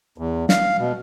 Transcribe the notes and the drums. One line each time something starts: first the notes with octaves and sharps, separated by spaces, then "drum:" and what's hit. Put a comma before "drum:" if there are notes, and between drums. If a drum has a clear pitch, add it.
E2
F5, drum: snare
B2